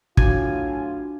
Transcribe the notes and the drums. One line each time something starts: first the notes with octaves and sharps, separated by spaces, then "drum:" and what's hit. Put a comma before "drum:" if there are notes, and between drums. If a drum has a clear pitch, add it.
A2 F#3 D4 F4 F#4 G#5, drum: kick